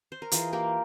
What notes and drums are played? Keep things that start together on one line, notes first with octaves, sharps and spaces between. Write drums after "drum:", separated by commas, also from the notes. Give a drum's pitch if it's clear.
C5
A#4
E3 F4 G#4, drum: hi-hat
A#3 G4 A#4